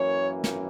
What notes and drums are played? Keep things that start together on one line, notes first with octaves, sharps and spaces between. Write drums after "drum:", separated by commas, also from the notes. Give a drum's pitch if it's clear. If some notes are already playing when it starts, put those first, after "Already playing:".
Already playing: F#2 E3 A#3 C#5
drum: snare